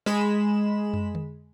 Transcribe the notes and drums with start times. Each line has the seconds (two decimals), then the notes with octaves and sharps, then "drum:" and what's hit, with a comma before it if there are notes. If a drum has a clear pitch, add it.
0.06 G#3 B5 E7, drum: snare
0.93 drum: tom
1.15 drum: tom D3